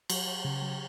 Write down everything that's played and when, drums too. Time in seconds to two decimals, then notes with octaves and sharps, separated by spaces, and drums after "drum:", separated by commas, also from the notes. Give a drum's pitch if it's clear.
0.10 F#3, drum: cymbal
0.27 F#3
0.45 C#3
0.62 F#3